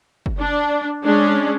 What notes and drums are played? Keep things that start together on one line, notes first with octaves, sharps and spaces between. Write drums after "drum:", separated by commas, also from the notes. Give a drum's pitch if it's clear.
drum: kick F#1
D4
G#3 C#4 D4